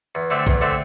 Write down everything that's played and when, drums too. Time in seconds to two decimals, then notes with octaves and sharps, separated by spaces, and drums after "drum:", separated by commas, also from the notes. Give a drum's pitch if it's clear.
0.15 E2
0.30 D3 A3 C4
0.47 E2, drum: kick, hi-hat
0.61 D3 A3 C4